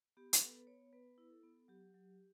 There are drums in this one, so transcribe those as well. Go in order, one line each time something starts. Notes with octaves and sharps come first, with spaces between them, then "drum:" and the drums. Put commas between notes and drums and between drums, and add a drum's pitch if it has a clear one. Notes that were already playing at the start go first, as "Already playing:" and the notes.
B3 G4
B4, drum: hi-hat
B3 A4
B4
B3 C#5
B3 B4
E4
A4
B3
F#3 G4
F#3